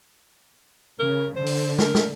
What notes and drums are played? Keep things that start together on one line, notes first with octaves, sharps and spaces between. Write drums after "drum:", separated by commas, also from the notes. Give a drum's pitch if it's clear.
C#3 A#4
D3 C5
drum: open hi-hat
A#4, drum: snare
drum: snare